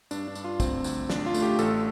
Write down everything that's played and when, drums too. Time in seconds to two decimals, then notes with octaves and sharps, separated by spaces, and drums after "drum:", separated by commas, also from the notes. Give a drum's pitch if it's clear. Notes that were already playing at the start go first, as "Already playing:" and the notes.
0.11 G2 D4, drum: tambourine
0.28 D4
0.35 G2, drum: tambourine
0.44 F4
0.60 D2 C4, drum: kick, tambourine
0.84 D2, drum: tambourine
1.10 A1 D4, drum: snare
1.26 F4
1.34 A3, drum: tambourine
1.42 G4
1.59 A1 A4, drum: tambourine